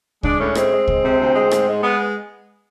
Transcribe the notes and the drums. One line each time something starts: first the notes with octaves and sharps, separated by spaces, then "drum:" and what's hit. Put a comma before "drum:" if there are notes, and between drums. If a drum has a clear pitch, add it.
G#3 D4, drum: kick C#2
A2 C#4
G#3 C4, drum: rim click
G#3
G#3, drum: kick C#2
C3
D2
G#3
G#2, drum: rim click
G#3
G#3 B3